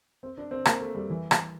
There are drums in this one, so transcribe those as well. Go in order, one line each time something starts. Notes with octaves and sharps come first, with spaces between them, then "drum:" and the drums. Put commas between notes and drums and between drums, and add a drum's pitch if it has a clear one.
C4
D4
C4
A#3, drum: rim click
A3
G3
E3
drum: rim click